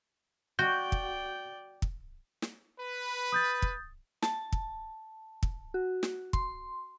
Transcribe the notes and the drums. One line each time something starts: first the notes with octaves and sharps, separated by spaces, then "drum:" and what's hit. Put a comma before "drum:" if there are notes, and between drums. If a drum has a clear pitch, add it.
F#4 D5 G5 G6
drum: kick
drum: kick
drum: snare
B4
D#6 G6 A6
drum: kick
A5, drum: snare
drum: kick
drum: kick
F#4
drum: snare
C6, drum: kick